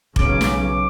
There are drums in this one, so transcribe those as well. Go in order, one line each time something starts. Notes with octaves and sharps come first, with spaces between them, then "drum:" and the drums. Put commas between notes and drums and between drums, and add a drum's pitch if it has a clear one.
B1 C#3 C#4 D6, drum: kick F1
drum: snare